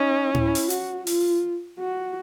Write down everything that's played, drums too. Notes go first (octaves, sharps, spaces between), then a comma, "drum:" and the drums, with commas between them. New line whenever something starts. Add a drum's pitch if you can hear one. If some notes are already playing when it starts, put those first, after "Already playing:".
Already playing: C#4 D#4
E4, drum: tom A2
drum: open hi-hat
F#4, drum: hi-hat
F4, drum: open hi-hat
F#4